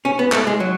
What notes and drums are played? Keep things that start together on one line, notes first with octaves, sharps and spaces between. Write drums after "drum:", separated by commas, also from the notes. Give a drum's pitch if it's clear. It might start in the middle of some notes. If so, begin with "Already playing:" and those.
C#4
B3
A3, drum: clap
G#3
F#3